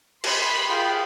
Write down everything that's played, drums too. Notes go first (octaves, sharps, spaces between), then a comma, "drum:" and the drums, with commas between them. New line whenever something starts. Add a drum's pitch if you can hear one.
B5 C6, drum: cymbal
F4 G#4 G5